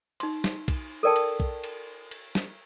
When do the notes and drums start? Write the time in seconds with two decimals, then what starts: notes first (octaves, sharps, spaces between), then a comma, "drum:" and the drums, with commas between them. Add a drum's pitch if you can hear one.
0.20 D#4 C6, drum: cymbal
0.44 drum: snare
0.68 drum: kick, cymbal
1.03 A4 A#4 D5 G5 A5
1.16 drum: cymbal
1.40 drum: kick
1.64 drum: cymbal
2.11 drum: cymbal
2.35 drum: snare